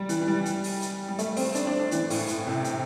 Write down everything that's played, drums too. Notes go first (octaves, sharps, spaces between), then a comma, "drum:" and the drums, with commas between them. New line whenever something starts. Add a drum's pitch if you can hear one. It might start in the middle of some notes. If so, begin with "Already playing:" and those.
Already playing: G3
E3, drum: hi-hat
E3
G3
drum: hi-hat
drum: open hi-hat
drum: hi-hat
G3
A3, drum: hi-hat
C4, drum: open hi-hat
D4, drum: hi-hat
D4
D4
E3, drum: hi-hat
A2, drum: open hi-hat
A2, drum: hi-hat
C3
drum: hi-hat